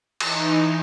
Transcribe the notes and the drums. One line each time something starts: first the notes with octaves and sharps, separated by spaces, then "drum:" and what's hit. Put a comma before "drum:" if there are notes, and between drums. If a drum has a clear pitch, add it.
E3 D#4, drum: cymbal